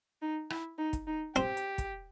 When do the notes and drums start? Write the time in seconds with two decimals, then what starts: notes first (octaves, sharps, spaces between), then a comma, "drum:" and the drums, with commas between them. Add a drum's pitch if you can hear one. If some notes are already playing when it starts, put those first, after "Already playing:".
0.22 D#4
0.50 E4, drum: rim click
0.78 D#4
0.93 drum: kick, hi-hat
1.07 D#4
1.36 C4 G4, drum: hi-hat
1.57 drum: hi-hat
1.78 drum: kick, hi-hat